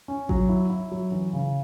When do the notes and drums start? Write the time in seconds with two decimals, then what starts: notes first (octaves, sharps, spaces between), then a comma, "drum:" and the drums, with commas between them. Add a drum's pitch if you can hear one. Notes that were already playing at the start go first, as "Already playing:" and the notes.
0.08 C#4
0.29 F#3, drum: kick A1
0.49 E4
0.70 E4
0.91 F#3
1.12 E3
1.33 C#3